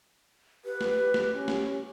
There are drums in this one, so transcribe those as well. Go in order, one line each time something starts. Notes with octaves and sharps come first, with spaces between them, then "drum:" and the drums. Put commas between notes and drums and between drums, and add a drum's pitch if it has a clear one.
G4 B4
drum: snare
drum: snare
C#4
drum: snare